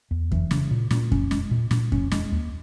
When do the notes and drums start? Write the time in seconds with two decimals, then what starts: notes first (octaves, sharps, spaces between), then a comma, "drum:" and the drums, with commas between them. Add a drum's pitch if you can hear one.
0.11 E2
0.31 E3, drum: kick F2
0.51 C#3, drum: snare
0.71 A#2
0.91 A#2, drum: snare
1.12 C#4, drum: kick F2
1.31 G#3, drum: snare
1.51 A#2
1.71 A#2, drum: snare
1.92 C#4, drum: kick F2
2.12 G#3, drum: snare
2.32 D#2